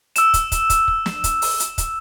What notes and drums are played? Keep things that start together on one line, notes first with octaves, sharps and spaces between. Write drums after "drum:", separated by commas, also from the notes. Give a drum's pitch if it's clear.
E6 E7, drum: hi-hat
drum: kick, hi-hat
drum: kick, hi-hat
drum: kick, hi-hat
drum: kick
drum: snare
drum: kick, hi-hat
drum: open hi-hat
drum: hi-hat
drum: kick, hi-hat